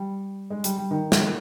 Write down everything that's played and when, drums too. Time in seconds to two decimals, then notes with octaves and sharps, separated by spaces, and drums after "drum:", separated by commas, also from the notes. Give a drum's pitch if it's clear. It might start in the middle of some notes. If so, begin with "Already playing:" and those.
Already playing: G3
0.50 G#3
0.64 G3, drum: hi-hat
0.78 G3
0.91 D#3
1.12 drum: snare